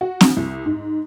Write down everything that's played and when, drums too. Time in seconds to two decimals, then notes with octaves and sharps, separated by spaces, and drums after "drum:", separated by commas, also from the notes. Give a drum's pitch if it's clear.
0.01 F#4
0.21 drum: snare C4
0.37 C2
0.66 G#2